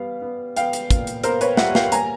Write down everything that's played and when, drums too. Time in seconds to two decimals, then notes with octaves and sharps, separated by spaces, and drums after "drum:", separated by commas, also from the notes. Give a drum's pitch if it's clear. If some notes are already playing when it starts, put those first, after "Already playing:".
Already playing: G3 B3 F5
0.22 B3
0.57 B3 F5 G5, drum: hi-hat
0.73 drum: hi-hat
0.91 A#2, drum: kick, hi-hat
1.07 drum: hi-hat
1.24 B3 A#4 C5, drum: hi-hat
1.41 B4 C#5, drum: hi-hat
1.57 G3 E5 F#5, drum: snare
1.75 F5 G5, drum: snare
1.92 A#3 G#5 A#5, drum: hi-hat